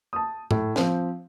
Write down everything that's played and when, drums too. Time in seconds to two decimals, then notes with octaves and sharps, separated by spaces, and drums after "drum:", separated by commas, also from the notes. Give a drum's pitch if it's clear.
0.13 A5 D#6
0.51 A2, drum: tom G#2
0.76 F3 C4, drum: snare